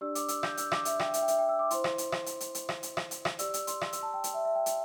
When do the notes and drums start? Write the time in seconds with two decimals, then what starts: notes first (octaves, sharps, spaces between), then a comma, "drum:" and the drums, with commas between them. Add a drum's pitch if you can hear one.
0.01 D4 G4 D5 E6
0.15 D6, drum: hi-hat
0.28 E6, drum: hi-hat
0.43 G6, drum: rim click
0.57 E6, drum: hi-hat
0.72 D6, drum: rim click
0.85 E5, drum: hi-hat
0.99 G5, drum: rim click
1.14 E5, drum: hi-hat
1.22 G5
1.28 E5, drum: hi-hat
1.38 G5
1.49 E6
1.59 D6
1.71 E4 C5 C6, drum: hi-hat
1.84 drum: rim click
1.98 drum: hi-hat
2.12 drum: rim click
2.26 drum: hi-hat
2.40 drum: hi-hat
2.55 drum: hi-hat
2.69 drum: rim click
2.83 drum: hi-hat
2.97 drum: rim click
3.11 drum: hi-hat
3.25 drum: rim click
3.39 G4 D5 E6, drum: hi-hat
3.54 E6, drum: hi-hat
3.67 C6, drum: hi-hat
3.81 drum: rim click
3.93 E6, drum: hi-hat
4.03 A5
4.13 G5
4.24 drum: hi-hat
4.34 E5
4.45 E5
4.55 G5
4.66 drum: hi-hat